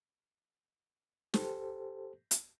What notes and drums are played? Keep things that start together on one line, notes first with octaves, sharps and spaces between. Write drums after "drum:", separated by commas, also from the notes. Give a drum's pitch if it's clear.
G4 A4 C5, drum: snare
drum: hi-hat